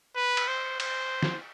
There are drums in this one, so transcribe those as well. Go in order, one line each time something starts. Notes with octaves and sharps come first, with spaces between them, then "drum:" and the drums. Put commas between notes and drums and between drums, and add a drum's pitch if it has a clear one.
B4
drum: cymbal
C5
C5, drum: cymbal
drum: snare